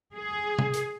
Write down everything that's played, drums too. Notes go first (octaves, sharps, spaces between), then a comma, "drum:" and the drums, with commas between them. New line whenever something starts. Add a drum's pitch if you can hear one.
G#4
drum: tom C3
drum: hi-hat